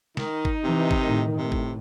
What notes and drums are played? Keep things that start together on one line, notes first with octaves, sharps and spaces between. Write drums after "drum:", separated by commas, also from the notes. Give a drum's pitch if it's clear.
D#3 D#4, drum: snare
drum: kick G1
C3 E3
drum: kick G1
A2 D#3
A2 C3
drum: kick G1